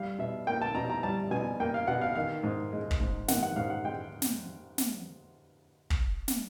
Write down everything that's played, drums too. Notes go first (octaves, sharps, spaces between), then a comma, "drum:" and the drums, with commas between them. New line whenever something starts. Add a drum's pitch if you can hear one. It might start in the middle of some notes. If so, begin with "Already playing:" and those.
Already playing: G3 F5
B2 E5
A#3 G5
A5
B2 A#5
A#5
G3 A5
B2 G#5
A#3 G5
F5
B2 F#5
F5
D#3 F5
G#2
G#3
drum: kick
G#2
D#3 F#5, drum: snare
F#5
G#2 F5
F#5
G#3 G5
drum: snare
drum: snare
drum: kick
drum: snare